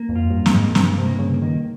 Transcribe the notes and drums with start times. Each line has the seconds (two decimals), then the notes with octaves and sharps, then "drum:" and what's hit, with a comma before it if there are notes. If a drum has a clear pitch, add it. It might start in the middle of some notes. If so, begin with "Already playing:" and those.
Already playing: A#3
0.09 F2
0.16 F4
0.30 G2
0.46 A#3, drum: snare
0.52 G#2
0.75 G2 C3, drum: snare
0.98 C3
1.05 A#3
1.19 C#3
1.34 A#3
1.42 D#3